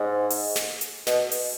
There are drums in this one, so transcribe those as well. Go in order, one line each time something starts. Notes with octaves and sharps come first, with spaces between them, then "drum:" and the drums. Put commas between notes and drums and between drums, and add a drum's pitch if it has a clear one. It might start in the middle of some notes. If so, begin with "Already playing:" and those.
Already playing: G#2
drum: open hi-hat
drum: snare
drum: hi-hat
B2, drum: snare
drum: open hi-hat